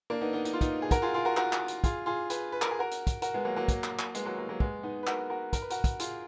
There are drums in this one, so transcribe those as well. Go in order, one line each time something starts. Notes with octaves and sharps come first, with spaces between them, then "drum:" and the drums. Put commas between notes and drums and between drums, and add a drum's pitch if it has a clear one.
A#3 D4
B3 D#4
B3 D#4
D#4, drum: hi-hat
F4
B3 D#4, drum: kick, hi-hat
G#4
F#4 A#4, drum: kick, hi-hat
F4 G#4
F4 G#4
F#4 A#4
F#4 A#4, drum: clap
drum: clap
drum: hi-hat
F4 G#4, drum: kick, hi-hat
F4 G#4
G#4 B4, drum: hi-hat
B4
A#4, drum: clap
G#4
F#4 A#4
drum: hi-hat
drum: kick, hi-hat
F#4 A#4, drum: hi-hat
G#3 B3
F#3 A#3
F#3 A#3
drum: kick, hi-hat
drum: clap
drum: clap
G#3 B3, drum: hi-hat
F#3 A#3
F#3 A#3
F#3 A#3
G#3 B3, drum: kick
B3 D#4
B4
F#4 A#4, drum: clap
F#4 A#4
A#4, drum: kick, hi-hat
B4
F#4 A#4, drum: hi-hat
drum: kick, hi-hat
F4 G#4, drum: hi-hat